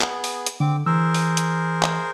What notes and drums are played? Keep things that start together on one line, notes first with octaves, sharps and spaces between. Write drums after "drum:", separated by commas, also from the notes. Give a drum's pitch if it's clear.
B3 G#4, drum: clap
drum: open hi-hat
drum: hi-hat
D3 C4 D6
E3 G#4 A#4 C5 E6
drum: open hi-hat
drum: hi-hat
drum: clap